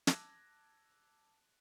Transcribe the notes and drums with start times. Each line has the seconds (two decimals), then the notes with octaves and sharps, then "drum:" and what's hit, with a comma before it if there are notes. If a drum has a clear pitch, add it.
0.07 A5 D6 E6 F#6 G#6 A#6, drum: snare